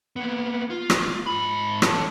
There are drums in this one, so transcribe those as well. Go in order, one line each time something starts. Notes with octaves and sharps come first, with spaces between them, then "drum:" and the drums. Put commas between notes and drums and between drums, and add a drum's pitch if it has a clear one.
A#3 B3
F4
drum: rim click
G#2 B5
C#4 A4, drum: rim click